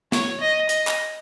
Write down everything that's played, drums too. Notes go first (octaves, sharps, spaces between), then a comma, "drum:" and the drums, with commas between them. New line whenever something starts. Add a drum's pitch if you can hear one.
C#5, drum: snare
D#5
D#5, drum: hi-hat
drum: clap